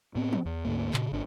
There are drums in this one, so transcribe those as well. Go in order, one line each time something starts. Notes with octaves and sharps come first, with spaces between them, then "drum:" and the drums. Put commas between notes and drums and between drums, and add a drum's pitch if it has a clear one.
A2 B3 C4
drum: tom E3
E2
D2 G#2 A#3
A#2 C#3, drum: clap
G#1 D4